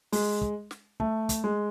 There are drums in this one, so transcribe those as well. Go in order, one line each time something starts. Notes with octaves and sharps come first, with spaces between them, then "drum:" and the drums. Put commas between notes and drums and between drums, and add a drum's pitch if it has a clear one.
G#3, drum: open hi-hat
drum: kick
drum: snare
A3, drum: kick
drum: kick, hi-hat
G#3